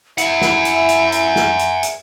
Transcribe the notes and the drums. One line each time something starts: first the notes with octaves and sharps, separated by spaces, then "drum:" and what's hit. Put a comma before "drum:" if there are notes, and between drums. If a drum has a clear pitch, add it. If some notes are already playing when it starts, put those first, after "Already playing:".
E4 E5 F#5 G#5, drum: hi-hat
drum: snare
drum: hi-hat
drum: hi-hat
drum: hi-hat
drum: snare
drum: hi-hat
drum: hi-hat